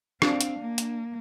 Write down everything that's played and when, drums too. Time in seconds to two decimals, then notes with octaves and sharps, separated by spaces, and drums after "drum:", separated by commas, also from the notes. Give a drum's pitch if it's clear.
0.22 C4 D4 F5, drum: rim click
0.41 drum: hi-hat
0.60 A#3
0.78 drum: hi-hat